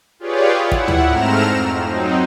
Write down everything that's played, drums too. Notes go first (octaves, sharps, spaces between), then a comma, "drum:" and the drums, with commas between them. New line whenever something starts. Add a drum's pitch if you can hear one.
F4 G4 G#4 B4 C#5 D5
E4 F#5
drum: kick
drum: tom
G#2 A3 C4 A#5 F6 E7
F2
F#3 C4 D#4